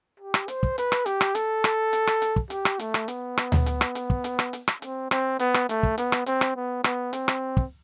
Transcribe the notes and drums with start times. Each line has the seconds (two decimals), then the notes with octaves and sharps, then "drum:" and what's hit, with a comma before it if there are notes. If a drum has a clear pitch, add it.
0.20 G4
0.34 drum: rim click
0.48 C5, drum: hi-hat
0.63 drum: kick
0.78 B4, drum: hi-hat
0.92 drum: rim click
1.06 G4, drum: hi-hat
1.21 drum: rim click
1.35 A4, drum: hi-hat
1.64 drum: rim click
1.93 drum: hi-hat
2.07 drum: rim click
2.22 drum: hi-hat
2.36 drum: kick
2.50 G4, drum: hi-hat
2.65 drum: rim click
2.80 A3, drum: hi-hat
2.94 drum: rim click
3.08 B3, drum: hi-hat
3.37 drum: rim click
3.52 drum: tom D2
3.66 drum: hi-hat
3.81 drum: rim click
3.95 drum: hi-hat
4.10 drum: kick
4.24 drum: hi-hat
4.39 drum: rim click
4.53 drum: hi-hat
4.68 drum: rim click
4.82 C4, drum: hi-hat
5.11 C4, drum: rim click
5.39 B3, drum: hi-hat
5.54 drum: rim click
5.69 A3, drum: hi-hat
5.83 drum: kick
5.98 B3, drum: hi-hat
6.12 drum: rim click
6.26 C4, drum: hi-hat
6.41 drum: rim click
6.56 B3
6.84 B3, drum: rim click
7.13 C4, drum: hi-hat
7.28 drum: rim click
7.57 drum: kick